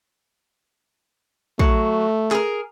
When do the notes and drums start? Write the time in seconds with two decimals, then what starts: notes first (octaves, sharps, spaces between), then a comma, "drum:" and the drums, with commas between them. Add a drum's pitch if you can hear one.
1.59 F#3 A3, drum: kick
2.31 G#4 A#4, drum: clap